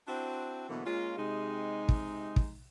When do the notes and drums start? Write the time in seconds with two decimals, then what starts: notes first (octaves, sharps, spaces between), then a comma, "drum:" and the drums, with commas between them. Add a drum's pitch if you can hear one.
0.08 C4 D4 E4 F#4 C5
0.69 B2 D3 E3 F#3 A#3 B3
0.85 G#3 A#3 C#4 F4
1.17 C3 G#3 D#4
1.89 drum: kick
2.36 drum: kick